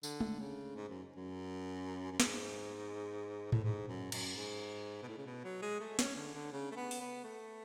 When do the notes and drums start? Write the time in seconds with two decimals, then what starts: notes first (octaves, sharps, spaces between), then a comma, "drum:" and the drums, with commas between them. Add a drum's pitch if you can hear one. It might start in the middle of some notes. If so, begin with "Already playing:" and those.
0.03 D3, drum: tambourine
0.20 drum: tom G#3
0.39 C#3
0.76 G#2
0.89 F#2
1.16 F#2
2.12 F#2
2.20 G#2, drum: snare
3.52 A2, drum: tom G#2
3.64 G#2
3.88 F#2
4.12 F#2, drum: cymbal
4.36 G#2
5.03 B2
5.08 A2
5.18 C#3
5.26 B2
5.44 F#3
5.62 G#3
5.80 A3
5.99 C#4, drum: snare
6.16 D3
6.34 D3
6.53 C#3
6.71 A3
6.76 B3
6.91 drum: open hi-hat
7.00 B3
7.24 A3